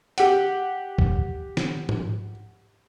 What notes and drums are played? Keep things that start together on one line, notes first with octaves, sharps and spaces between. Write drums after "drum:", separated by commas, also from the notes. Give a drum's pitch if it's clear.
G4 F#5, drum: hi-hat
drum: kick
drum: snare
drum: tom G#2